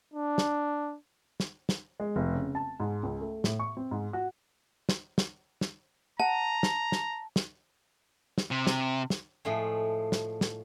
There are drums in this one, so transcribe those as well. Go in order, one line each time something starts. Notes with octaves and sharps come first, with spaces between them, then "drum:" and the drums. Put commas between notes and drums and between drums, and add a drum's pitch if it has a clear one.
D4
drum: snare
drum: snare
drum: snare
G#3
F1
C#3
A5
G#2
C#2
A3
A2, drum: snare
C#6
C4
G#2
F#4
drum: snare
drum: snare
drum: snare
F#5 A5 A#5
drum: snare
drum: snare
drum: snare
drum: snare
C3
drum: snare
drum: snare
A2 F3 G#3 A3
drum: snare
drum: snare